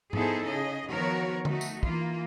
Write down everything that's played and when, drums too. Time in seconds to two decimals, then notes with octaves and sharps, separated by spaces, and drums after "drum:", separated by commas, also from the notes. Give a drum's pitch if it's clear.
0.13 B3 D#4 E4 G#4 A4 C5, drum: tom G#2
0.46 C#3 G#4 D#5
0.90 D#3 F3 B3 F#4 A#4 C#5
1.45 A3 D#4 F#4, drum: tom D3
1.61 drum: tambourine
1.83 E3 A#3 F4, drum: kick